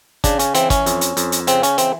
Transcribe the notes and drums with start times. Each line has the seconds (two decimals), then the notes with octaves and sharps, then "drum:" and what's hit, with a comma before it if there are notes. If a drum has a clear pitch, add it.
0.24 C#3 D4, drum: kick, hi-hat
0.39 C#4, drum: hi-hat
0.55 E3 C4, drum: hi-hat
0.70 C#4, drum: kick, hi-hat
0.86 F2, drum: hi-hat
1.01 drum: hi-hat
1.17 F2, drum: hi-hat
1.32 drum: hi-hat
1.47 C#3 C4, drum: hi-hat
1.63 C#4, drum: hi-hat
1.78 E3 C4, drum: hi-hat